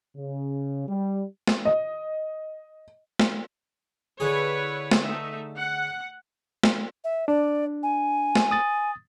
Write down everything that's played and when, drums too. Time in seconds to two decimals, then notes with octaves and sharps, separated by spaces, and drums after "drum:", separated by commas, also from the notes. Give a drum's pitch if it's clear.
0.16 C#3
0.88 G3
1.47 drum: snare
1.65 D#5
3.19 drum: snare
4.20 D3 E4 G#4 B4 C#5
4.91 drum: snare
5.02 A3 D#4 E5
5.57 F#5
6.63 drum: snare
7.04 E5
7.28 D4 D5
7.83 G#5
8.35 drum: snare
8.51 D#6 A6